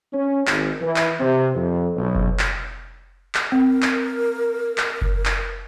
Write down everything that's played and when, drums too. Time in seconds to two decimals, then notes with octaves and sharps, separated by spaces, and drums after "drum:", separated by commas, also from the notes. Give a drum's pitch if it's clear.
0.13 C#4
0.47 G#1, drum: clap
0.81 E3
0.96 drum: clap
1.20 C3
1.54 F2
1.97 B1
2.15 drum: kick F#1
2.39 drum: clap
3.35 drum: clap
3.52 C4 A#4
3.82 drum: clap
4.78 drum: clap
5.02 drum: kick F#1
5.25 drum: clap